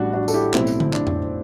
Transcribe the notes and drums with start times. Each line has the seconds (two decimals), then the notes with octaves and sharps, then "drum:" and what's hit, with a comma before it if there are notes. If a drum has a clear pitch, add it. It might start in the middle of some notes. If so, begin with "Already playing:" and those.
Already playing: A1 A2 G3 D4 F#4
0.13 D4 F#4
0.28 A4, drum: tambourine
0.34 E4 G4
0.54 B1 A2 F#3 A3 C4 E4, drum: clap
0.67 drum: tambourine
0.80 drum: tom D3
0.93 D4, drum: clap
1.07 drum: tom F2